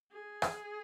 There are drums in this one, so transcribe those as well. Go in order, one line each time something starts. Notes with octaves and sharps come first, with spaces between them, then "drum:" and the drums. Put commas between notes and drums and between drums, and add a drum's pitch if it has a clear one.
G#4
drum: rim click